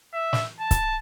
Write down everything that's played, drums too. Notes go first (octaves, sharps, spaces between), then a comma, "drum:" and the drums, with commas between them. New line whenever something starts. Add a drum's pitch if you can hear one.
E5
drum: snare
A5
drum: kick C#1, hi-hat